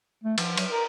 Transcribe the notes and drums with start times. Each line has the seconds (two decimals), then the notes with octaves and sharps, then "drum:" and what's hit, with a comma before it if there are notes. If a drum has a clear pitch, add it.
0.24 A3
0.38 F3, drum: cymbal
0.57 F#3, drum: cymbal
0.71 A#4